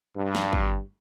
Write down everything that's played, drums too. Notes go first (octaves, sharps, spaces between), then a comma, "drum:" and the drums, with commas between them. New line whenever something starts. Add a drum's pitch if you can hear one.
G2
drum: snare
drum: kick G#1